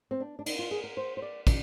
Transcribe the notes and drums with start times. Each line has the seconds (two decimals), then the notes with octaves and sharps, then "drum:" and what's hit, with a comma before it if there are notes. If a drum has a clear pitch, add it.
0.11 C4
0.20 D4
0.39 D4
0.46 D#4, drum: cymbal
0.59 F4
0.71 G#4
0.84 A#4
0.97 C5
1.17 C5
1.22 D5
1.47 A#2 D5, drum: kick, cymbal